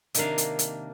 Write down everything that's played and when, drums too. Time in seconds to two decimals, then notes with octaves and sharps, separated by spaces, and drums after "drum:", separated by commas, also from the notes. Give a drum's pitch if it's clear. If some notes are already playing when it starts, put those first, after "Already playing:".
0.14 C3 D#3 A#3 D4 F5, drum: hi-hat
0.38 drum: hi-hat
0.59 drum: hi-hat